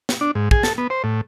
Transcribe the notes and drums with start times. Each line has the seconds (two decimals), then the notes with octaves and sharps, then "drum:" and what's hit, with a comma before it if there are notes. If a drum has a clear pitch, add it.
0.09 drum: snare
0.21 D4
0.35 G#2
0.51 G#4, drum: kick
0.63 A4, drum: snare
0.78 B3
0.90 C5
1.04 A2